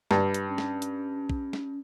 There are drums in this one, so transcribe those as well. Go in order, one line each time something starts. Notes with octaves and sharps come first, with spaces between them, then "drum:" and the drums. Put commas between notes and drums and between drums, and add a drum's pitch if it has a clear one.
G2, drum: snare
drum: hi-hat
C#4
drum: snare
drum: hi-hat
drum: kick
drum: snare